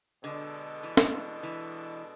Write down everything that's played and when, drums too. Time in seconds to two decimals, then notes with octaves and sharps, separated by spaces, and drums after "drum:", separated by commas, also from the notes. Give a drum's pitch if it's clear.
0.23 B2 D3 G#3 D4 A4
0.83 E3
0.97 drum: snare
1.43 E3